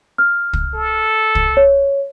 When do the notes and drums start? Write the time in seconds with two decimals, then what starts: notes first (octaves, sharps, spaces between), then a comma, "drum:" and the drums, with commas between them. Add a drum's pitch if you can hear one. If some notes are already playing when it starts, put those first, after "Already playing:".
0.18 F6
0.53 drum: kick
0.74 A4
1.35 drum: kick
1.57 C#5